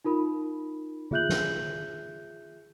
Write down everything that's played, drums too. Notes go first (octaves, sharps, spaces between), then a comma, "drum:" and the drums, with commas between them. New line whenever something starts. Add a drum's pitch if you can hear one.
D#4 F4 A#4 B5
F4 G#4 E5 F#6 G6 F#7, drum: tom D#3
drum: snare